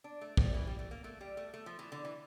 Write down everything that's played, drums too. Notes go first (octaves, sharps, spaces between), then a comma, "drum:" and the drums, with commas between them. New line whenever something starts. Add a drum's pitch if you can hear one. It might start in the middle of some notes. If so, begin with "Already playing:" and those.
D4
A3
G3, drum: kick
E3
G3
A3
A#3
A3
G3
A3
A3
F3
E3
D3
E3